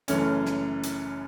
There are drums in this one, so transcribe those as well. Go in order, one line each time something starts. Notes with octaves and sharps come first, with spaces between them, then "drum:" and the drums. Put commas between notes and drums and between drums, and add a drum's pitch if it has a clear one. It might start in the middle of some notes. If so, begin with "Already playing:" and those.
F#1 F#2 E3 A3 C#4, drum: hi-hat
drum: snare
drum: hi-hat